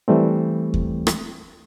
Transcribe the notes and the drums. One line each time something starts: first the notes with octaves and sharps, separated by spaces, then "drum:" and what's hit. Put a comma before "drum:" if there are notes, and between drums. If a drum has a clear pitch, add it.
E3 G3 A3 C4
drum: kick D#2
drum: rim click